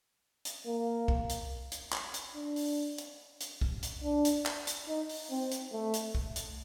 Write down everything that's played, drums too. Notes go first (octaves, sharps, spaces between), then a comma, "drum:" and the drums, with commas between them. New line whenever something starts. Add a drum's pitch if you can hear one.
drum: hi-hat
A#3
drum: kick B1
drum: hi-hat
drum: hi-hat
drum: clap
drum: hi-hat
D4
drum: open hi-hat
drum: hi-hat
drum: hi-hat
drum: kick B1
drum: hi-hat
D4
drum: hi-hat
drum: clap
drum: hi-hat
D#4
drum: open hi-hat
C4
drum: hi-hat
A3
drum: hi-hat
drum: kick B1
drum: hi-hat